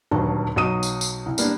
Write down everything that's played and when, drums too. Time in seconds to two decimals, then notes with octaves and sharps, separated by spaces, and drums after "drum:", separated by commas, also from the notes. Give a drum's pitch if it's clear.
0.11 D#1 D2 G2 D#3 F#3 A5
0.56 B1 F#3 D#4 D#6 D#7
0.83 drum: tambourine
1.01 drum: tambourine
1.26 C2
1.38 G3 A#3 B3 D4, drum: tambourine